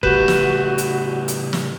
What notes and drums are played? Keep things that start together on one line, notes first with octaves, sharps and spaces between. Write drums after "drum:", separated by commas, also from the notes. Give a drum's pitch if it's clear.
A2 C#3 A3 F#4 G4 B4 G6 E7, drum: kick F1
drum: snare
drum: hi-hat
drum: hi-hat
drum: snare